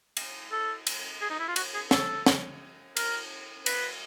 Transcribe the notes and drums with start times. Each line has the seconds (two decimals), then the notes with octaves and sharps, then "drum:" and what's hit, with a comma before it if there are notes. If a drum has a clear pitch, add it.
0.17 drum: cymbal
0.52 A4
0.87 drum: cymbal
1.22 G#4
1.30 D#4
1.39 E4
1.48 F4
1.56 F#4, drum: cymbal
1.74 G#4
1.91 A4, drum: snare
2.26 drum: snare
2.97 A#4, drum: cymbal
3.66 B4, drum: cymbal